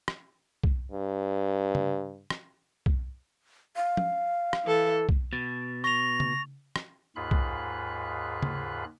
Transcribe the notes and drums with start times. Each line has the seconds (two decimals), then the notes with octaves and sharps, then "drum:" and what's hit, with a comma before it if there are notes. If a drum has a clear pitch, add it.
0.08 drum: rim click
0.64 drum: kick
0.91 G2
1.75 drum: tom C#3
2.30 drum: rim click
2.86 drum: kick
3.76 F5
3.97 drum: tom
4.53 drum: rim click
4.64 E3 A4
5.09 drum: kick
5.33 B2 A6
5.84 C#6 A#6 F7
6.20 drum: tom C#3
6.76 drum: rim click
7.16 D#2 G#2 F4 G#4 B5 F#6
7.31 drum: kick
8.42 drum: tom C#3